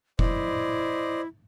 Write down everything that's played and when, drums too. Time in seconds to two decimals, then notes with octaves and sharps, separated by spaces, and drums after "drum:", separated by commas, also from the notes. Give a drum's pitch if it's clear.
0.19 E4 C5 D5 D#5, drum: kick F1